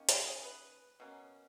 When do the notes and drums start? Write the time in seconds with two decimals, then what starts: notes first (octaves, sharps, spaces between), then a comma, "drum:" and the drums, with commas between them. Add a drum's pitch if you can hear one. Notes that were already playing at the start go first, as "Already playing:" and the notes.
Already playing: D#3 A#3 C#4
0.09 F#4, drum: hi-hat
0.26 G#4
0.45 B4
1.00 B2 A#3 C#4